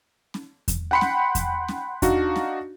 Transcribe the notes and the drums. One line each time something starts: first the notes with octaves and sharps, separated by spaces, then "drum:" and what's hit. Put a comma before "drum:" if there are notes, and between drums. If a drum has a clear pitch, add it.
drum: snare C#4
drum: kick E2, hi-hat
F#5 G5 B5 C6 C#7
drum: snare C#4
drum: kick E2, hi-hat
drum: snare C#4
D4 D#4 F#4 F5, drum: kick E2, hi-hat
drum: snare C#4